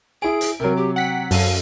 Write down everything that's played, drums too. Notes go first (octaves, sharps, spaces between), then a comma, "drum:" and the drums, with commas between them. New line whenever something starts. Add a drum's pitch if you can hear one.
E4 G#4 G#5 D7
drum: hi-hat
C3 F#3 A#4
G4
F#5 G5 B6
F#2 A4 F5 D#7, drum: open hi-hat